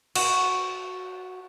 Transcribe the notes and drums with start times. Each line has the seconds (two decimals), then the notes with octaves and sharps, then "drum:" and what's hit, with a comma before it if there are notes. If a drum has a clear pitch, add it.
0.15 F#4, drum: cymbal